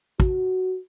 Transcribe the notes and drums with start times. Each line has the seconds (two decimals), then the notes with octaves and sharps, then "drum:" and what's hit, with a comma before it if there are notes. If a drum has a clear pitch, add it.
0.20 F#4, drum: kick